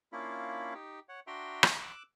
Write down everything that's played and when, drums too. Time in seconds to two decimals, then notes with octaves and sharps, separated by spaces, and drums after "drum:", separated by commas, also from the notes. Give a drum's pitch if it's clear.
0.13 A#3 C#4 D4 E4 F4 B5
0.74 D#4 G4
1.09 C#5 F#5
1.27 D4 F#4 E5 G5 A#5 C6
1.63 drum: rim click
1.80 D6 E6 F#6